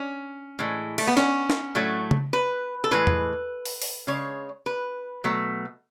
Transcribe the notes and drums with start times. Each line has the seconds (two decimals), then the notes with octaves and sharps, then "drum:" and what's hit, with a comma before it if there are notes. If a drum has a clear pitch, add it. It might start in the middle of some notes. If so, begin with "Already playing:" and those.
Already playing: C#4
0.59 A2 E3 G#3
0.98 A3, drum: cymbal
1.07 B3
1.17 C#4, drum: snare
1.50 drum: snare
1.75 A2 F#3 A3
2.11 drum: tom C#3
2.33 B4
2.84 A4
2.91 A2 E3 G#3 B4
3.07 drum: tom E2
3.65 drum: open hi-hat
3.82 drum: open hi-hat
4.07 C#3 G#3 C#5
4.66 B4
5.24 B2 F#3 A3